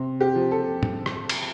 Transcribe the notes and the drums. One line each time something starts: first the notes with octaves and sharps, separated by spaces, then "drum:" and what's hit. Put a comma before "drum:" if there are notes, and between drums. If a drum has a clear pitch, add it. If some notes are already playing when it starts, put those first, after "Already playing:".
Already playing: C3
G4
F3
A4
drum: tom
drum: rim click
drum: cymbal